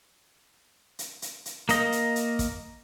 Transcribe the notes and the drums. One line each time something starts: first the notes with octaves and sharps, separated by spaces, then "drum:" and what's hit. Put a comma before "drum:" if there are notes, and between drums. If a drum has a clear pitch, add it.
drum: hi-hat
drum: hi-hat
drum: hi-hat
A#3 D#5, drum: hi-hat
drum: hi-hat
drum: hi-hat
drum: kick, hi-hat